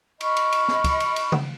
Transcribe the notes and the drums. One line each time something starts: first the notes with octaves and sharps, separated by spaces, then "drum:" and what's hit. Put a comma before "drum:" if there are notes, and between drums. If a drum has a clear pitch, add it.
D#5 B5 C#6 F6, drum: cymbal
drum: cymbal
drum: cymbal
drum: snare
drum: kick, cymbal
drum: cymbal
drum: cymbal
drum: tom C#3